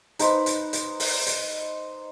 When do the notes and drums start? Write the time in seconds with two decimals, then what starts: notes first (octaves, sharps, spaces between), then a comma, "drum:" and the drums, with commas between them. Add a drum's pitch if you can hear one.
0.19 D#4 B4 C5, drum: hi-hat
0.46 drum: hi-hat
0.73 drum: hi-hat
1.00 drum: open hi-hat
1.26 drum: hi-hat